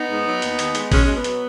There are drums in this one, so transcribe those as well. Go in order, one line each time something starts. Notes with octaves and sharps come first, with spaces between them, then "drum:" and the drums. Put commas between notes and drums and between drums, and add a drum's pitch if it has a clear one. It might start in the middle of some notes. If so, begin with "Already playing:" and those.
Already playing: B3 D#4
G#2
F#3
D#2, drum: hi-hat
D#2, drum: hi-hat
G#3, drum: hi-hat
B2 G#3 C#4, drum: kick, open hi-hat
B2 G#3
B3
F#3, drum: hi-hat